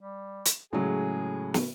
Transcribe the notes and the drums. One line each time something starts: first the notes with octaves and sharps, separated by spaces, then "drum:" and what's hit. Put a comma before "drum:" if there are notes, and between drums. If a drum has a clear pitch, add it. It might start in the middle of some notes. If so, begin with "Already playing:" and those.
G3
drum: hi-hat
A2 C#3 F#3 G#3 G#4
drum: snare